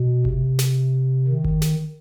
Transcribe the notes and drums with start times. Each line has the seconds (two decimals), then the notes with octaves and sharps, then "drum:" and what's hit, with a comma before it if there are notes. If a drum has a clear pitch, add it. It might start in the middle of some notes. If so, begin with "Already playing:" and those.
Already playing: B2
0.25 C3, drum: kick G1
0.59 drum: snare
1.28 D#3
1.44 drum: kick G1
1.62 drum: snare